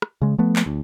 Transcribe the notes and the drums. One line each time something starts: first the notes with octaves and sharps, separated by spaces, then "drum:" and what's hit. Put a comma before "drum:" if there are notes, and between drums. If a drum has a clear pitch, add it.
drum: rim click
C#3 G#3
F3 A3 B3
drum: clap
D2